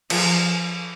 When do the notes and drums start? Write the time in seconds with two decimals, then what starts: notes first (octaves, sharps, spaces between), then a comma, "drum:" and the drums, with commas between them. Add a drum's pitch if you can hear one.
0.10 F3, drum: cymbal